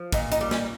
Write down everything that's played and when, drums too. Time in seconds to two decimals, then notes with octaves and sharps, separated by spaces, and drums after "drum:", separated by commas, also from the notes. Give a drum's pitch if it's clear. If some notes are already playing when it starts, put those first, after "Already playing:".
Already playing: F3
0.12 A#2 D#4, drum: kick, hi-hat
0.32 D#4, drum: hi-hat
0.41 G3
0.51 C#4, drum: snare